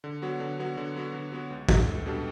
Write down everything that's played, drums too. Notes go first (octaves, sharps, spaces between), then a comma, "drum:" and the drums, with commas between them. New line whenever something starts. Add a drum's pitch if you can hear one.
D3
F#3 B3 F#4
D3
F#3 B3 F#4
D3
F#3 B3 F#4
D3
F#3 B3 F#4
C#2
B2 G3 D4 A4, drum: kick
C#2
B2 G3 D4 A4